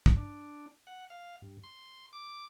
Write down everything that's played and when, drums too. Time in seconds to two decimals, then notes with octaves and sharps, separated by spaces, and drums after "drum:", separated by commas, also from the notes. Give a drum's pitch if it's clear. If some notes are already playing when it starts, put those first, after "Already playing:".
0.06 drum: kick
0.17 D4
0.87 F#5
1.10 F5
1.42 G2
1.64 C6
2.13 D6